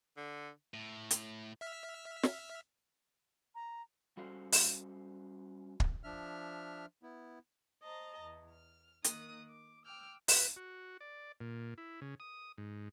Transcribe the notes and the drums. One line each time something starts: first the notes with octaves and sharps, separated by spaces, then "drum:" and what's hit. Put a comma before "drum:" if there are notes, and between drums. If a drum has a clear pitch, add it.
D3
A2
drum: hi-hat
E5 F6 B6
drum: snare
A#5
G3 C#4 F#4 A4 C5 F5
drum: open hi-hat
drum: kick
F3 D4 E5 F6
B3 E4
C5 D#5 A5 A#5
E2
F6
D#3 A#3 D#6 F#6, drum: hi-hat
D6
G5 D6 E6 F6 G6
B4, drum: open hi-hat
F#4
D5
A#2
E4
C#3
D#6
G#2